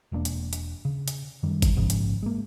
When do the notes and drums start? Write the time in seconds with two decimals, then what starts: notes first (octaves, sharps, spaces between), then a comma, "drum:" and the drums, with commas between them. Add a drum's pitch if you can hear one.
0.12 E1 G2 A#3 D4
0.25 drum: hi-hat
0.53 drum: hi-hat
0.85 C#3
1.08 drum: hi-hat
1.43 F#2 D#3 G3
1.62 drum: kick G1, hi-hat
1.76 A#1 G#2 C#3 F3
1.90 drum: hi-hat
2.23 G#3 A#3